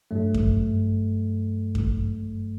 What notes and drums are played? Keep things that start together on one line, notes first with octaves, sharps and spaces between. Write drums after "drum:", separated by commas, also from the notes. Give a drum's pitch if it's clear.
G2 F#3 A3
drum: kick F#2
drum: kick F#2